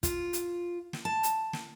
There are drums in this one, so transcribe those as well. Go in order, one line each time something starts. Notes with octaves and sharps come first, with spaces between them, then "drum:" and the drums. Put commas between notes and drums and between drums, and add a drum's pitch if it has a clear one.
F4, drum: kick, hi-hat
drum: hi-hat
drum: snare
A5
drum: hi-hat
drum: snare